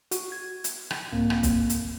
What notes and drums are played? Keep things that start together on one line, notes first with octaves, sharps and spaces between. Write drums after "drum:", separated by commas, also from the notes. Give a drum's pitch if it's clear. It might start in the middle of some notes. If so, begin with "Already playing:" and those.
F#4, drum: hi-hat
G#6
drum: hi-hat
drum: rim click
C2 G#2 A#3 C4
drum: rim click
drum: kick, hi-hat
drum: hi-hat